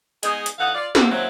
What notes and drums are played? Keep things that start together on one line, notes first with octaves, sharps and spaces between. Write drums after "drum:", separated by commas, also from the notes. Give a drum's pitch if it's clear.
G#3 B3 D#4 G#4 D#5, drum: hi-hat
drum: hi-hat
D3 E3 D#4 F5 F#5
F4 D5
A3 A#3 C4 E4 F#4, drum: snare
F#2 D#3 F#3 A#3 C4 E4